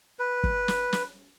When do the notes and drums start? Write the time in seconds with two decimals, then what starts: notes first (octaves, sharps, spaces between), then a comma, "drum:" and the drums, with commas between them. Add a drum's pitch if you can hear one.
0.19 B4
0.44 drum: kick
0.68 drum: snare
0.93 drum: snare